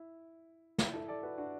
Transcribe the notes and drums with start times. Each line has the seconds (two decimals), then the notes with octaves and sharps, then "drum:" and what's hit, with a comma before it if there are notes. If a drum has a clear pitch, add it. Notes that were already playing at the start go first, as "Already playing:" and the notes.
Already playing: E4
0.78 E4, drum: snare
0.93 E4 A4
1.08 A4 D5
1.23 F#4 B4
1.38 D4 F#4